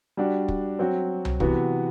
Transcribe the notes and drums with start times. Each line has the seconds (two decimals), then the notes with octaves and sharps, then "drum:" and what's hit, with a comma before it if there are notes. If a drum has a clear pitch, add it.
0.17 G3 D4 F#4
0.48 drum: kick
0.79 F#3 C4 F#4
1.25 drum: tom C2
1.40 C3 E3 B3 F#4, drum: kick